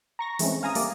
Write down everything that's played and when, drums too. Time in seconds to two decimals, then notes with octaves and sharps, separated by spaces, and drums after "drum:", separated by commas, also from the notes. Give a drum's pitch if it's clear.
0.19 A#5 C#6 A#6
0.39 E3 G#3 A3 C4 C#4, drum: open hi-hat
0.63 F5 G#5 A#5 D#6
0.75 G3 A3 A#3 D5, drum: open hi-hat